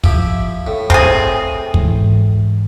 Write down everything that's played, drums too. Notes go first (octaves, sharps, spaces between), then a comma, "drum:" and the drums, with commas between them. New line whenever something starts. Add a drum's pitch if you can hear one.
F3 E4 G4, drum: kick
A2
C4 G#4, drum: kick
G#2 E3, drum: kick